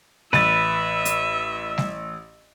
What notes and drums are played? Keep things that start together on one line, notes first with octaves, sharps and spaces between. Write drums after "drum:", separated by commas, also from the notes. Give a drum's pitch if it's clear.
A1 B4 E5 A6, drum: snare G3
drum: hi-hat
drum: snare G3